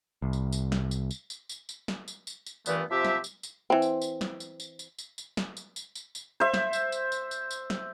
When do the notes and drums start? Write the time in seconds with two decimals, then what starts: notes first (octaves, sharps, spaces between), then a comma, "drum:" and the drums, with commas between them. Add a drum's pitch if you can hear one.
0.22 C2
0.33 drum: tambourine
0.52 drum: tambourine
0.72 drum: snare
0.91 drum: tambourine
1.11 drum: tambourine
1.30 drum: tambourine
1.49 drum: tambourine
1.69 drum: tambourine
1.88 drum: snare
2.08 drum: tambourine
2.27 drum: tambourine
2.46 drum: tambourine
2.66 G2 A#2 E3 A3 B3, drum: tambourine
2.90 C3 F3 G4 E5
3.05 drum: snare
3.24 drum: tambourine
3.43 drum: tambourine
3.70 E3 C4
3.82 drum: tambourine
4.02 drum: tambourine
4.21 drum: snare
4.40 drum: tambourine
4.60 drum: tambourine
4.79 drum: tambourine
4.98 drum: tambourine
5.18 drum: tambourine
5.37 drum: snare
5.57 drum: tambourine
5.76 drum: tambourine
5.95 drum: tambourine
6.15 drum: tambourine
6.40 C5 E5
6.54 drum: snare
6.73 drum: tambourine
6.92 drum: tambourine
7.12 drum: tambourine
7.31 drum: tambourine
7.51 drum: tambourine
7.70 drum: snare